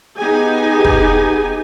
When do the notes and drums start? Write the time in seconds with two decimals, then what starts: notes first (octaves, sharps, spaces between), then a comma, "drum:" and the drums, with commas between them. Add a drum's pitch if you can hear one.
0.18 B3 D#4 G4 G#4 G#5
0.85 drum: kick